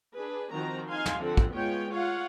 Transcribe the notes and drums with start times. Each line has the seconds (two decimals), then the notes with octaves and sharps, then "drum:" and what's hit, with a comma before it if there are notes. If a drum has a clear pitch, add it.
0.16 D4 G#4 B4
0.53 D#3 F3 C4 F#4 A#5
0.90 D#4 F5 G#5 C6
1.06 drum: snare
1.20 D3 F3 C4 A4 F#5
1.37 drum: kick
1.53 G#3 B3 F4 C#5 G5
1.91 F4 C#5 F5 F#5